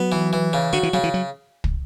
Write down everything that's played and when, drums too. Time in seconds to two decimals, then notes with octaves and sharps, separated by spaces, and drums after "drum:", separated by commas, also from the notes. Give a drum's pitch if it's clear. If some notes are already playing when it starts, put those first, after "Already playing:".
Already playing: F#3 B3
0.12 E3
0.33 E3
0.53 C#3
0.73 D3 F#4
0.83 E3
0.93 C#3 F#3
1.03 E3
1.14 F#3
1.64 drum: kick